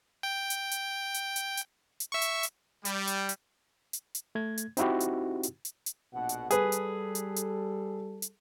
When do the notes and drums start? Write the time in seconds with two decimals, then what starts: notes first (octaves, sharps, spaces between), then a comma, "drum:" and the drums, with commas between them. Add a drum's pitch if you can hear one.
0.23 G5
0.50 drum: hi-hat
0.71 drum: hi-hat
1.14 drum: hi-hat
1.36 drum: hi-hat
1.57 drum: hi-hat
2.00 drum: hi-hat
2.12 E5 C#6
2.22 drum: hi-hat
2.43 drum: hi-hat
2.85 G3, drum: hi-hat
3.07 drum: hi-hat
3.29 drum: hi-hat
3.93 drum: hi-hat
4.15 drum: hi-hat
4.35 A3 G#6
4.58 drum: hi-hat
4.77 C4 D#4 E4 F#4 G4, drum: hi-hat
5.00 drum: hi-hat
5.43 drum: hi-hat
5.65 drum: hi-hat
5.86 drum: hi-hat
6.14 A#1 B2 F#5
6.29 drum: hi-hat
6.51 G3 G#4 A4 B4, drum: hi-hat
6.72 drum: hi-hat
7.15 drum: hi-hat
7.36 drum: hi-hat
8.22 drum: hi-hat